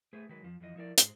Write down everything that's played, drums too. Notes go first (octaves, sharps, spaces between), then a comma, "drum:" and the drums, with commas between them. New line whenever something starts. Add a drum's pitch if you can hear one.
A3 G#4 B4 C5
D#3 F#3 G#3 B4
F2 F3
F2 E3 F3 D#5
F3 E4 A#4 D5
G#2 G#3, drum: hi-hat